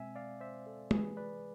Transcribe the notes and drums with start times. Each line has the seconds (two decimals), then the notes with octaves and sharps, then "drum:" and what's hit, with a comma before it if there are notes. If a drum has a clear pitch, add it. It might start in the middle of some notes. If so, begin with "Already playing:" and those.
Already playing: B2 G#3 C4 E5 G#5
0.16 D5 F5
0.41 C5 E5
0.66 A4
0.91 C3 E3 G#3 G#4 B4, drum: tom
1.17 B4 D5